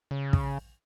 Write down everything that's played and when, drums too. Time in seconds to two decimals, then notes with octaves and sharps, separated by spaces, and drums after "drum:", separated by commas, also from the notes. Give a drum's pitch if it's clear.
0.11 C#3
0.33 drum: kick